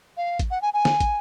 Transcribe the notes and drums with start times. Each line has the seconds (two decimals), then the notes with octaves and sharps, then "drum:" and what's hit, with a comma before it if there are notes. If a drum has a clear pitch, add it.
0.17 F5
0.39 drum: kick, hi-hat
0.51 F#5
0.62 G#5
0.74 G#5
0.85 drum: snare
1.00 drum: kick, hi-hat